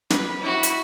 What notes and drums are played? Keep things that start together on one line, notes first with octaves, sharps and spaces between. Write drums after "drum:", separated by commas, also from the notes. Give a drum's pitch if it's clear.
B4, drum: snare
E4 F#4
drum: hi-hat